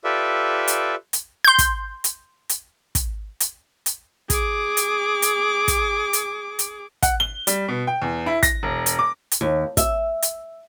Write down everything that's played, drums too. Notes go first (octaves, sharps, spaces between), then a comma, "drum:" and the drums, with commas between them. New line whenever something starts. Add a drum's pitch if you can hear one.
F4 G4 A4 B4 D5 E5
drum: hi-hat
drum: hi-hat
C6 G6
drum: kick, hi-hat
drum: hi-hat
drum: hi-hat
drum: kick, hi-hat
drum: hi-hat
drum: hi-hat
G#4 D6, drum: kick, hi-hat
drum: hi-hat
drum: hi-hat
drum: kick, hi-hat
drum: hi-hat
drum: hi-hat
F#5, drum: kick, hi-hat
G7
G3, drum: hi-hat
B2
G5
E2
E4
A#6, drum: kick, hi-hat
E1
drum: hi-hat
D6
drum: hi-hat
D#2
E5, drum: kick, hi-hat
drum: hi-hat